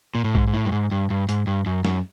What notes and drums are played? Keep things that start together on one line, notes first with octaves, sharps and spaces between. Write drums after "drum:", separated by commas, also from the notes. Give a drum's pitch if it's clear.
A#2
A2
G#2, drum: kick A#1
G#2
A2
G2
G#2
G2
G2
G#2, drum: hi-hat
G2
F#2
F#2, drum: snare